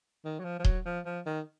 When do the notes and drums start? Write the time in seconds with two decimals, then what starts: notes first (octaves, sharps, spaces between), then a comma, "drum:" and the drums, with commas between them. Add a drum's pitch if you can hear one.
0.25 D#3
0.39 F#3
0.44 F3
0.59 F3
0.64 F#3, drum: kick D#1
0.85 F3
1.06 F3
1.26 D#3